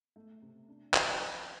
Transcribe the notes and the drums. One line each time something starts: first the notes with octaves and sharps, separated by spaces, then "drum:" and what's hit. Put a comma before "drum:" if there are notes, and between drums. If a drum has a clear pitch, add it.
A3
C3
D4
F3, drum: clap
C4